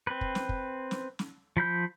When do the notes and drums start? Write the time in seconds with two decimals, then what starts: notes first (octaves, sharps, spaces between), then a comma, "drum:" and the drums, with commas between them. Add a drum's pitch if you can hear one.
0.07 C4 B4
0.21 drum: kick
0.35 drum: snare
0.49 drum: kick
0.91 drum: snare
1.19 drum: snare
1.57 F3 B5 G6